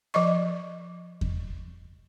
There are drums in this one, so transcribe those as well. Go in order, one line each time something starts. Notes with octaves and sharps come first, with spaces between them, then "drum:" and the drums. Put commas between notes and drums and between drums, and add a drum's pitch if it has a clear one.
F3 D5 D#5 C#6
drum: kick E2